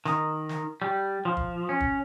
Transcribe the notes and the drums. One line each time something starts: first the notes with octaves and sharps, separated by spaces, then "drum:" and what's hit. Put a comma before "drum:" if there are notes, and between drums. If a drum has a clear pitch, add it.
D#3, drum: snare
drum: snare
G3
F3
drum: kick
C#4
drum: kick